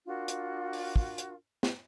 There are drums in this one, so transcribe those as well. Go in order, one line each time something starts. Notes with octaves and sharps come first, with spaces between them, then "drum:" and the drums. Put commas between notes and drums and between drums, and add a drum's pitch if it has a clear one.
D4 F4 F#4 A#4
drum: hi-hat
drum: open hi-hat
drum: kick
drum: hi-hat
drum: snare